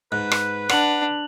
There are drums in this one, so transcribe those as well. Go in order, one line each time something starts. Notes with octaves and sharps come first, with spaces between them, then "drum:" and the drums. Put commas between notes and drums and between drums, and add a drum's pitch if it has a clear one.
G#2 B4 F#6
drum: rim click
D4 F#5 F7 F#7, drum: rim click